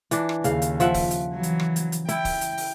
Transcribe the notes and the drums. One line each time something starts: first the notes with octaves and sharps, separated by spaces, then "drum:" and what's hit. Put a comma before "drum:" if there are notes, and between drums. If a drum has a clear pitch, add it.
E3 D4, drum: hi-hat
drum: rim click
D#2 C#3 F5, drum: hi-hat
drum: hi-hat
F3 E5 F#5, drum: hi-hat
drum: kick, open hi-hat
drum: hi-hat
E3 F#3
drum: hi-hat
drum: rim click
drum: hi-hat
drum: hi-hat
E4 G5, drum: hi-hat
drum: kick, open hi-hat
drum: hi-hat
drum: open hi-hat